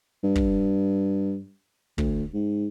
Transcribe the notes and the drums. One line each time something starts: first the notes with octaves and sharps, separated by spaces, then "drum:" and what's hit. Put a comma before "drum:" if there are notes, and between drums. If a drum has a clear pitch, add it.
G2
drum: kick
D2, drum: kick
G#2